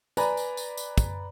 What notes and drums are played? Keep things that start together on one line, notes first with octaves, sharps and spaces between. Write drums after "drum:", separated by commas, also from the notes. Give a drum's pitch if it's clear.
B4 D5 G#5 A#5 B5, drum: tambourine
drum: tambourine
drum: tambourine
drum: tambourine
drum: kick, tambourine